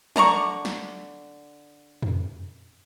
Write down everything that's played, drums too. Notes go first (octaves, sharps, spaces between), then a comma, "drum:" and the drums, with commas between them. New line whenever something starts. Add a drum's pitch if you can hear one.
D3 D5 A#5 C#6, drum: tom F3
drum: snare
drum: tom F2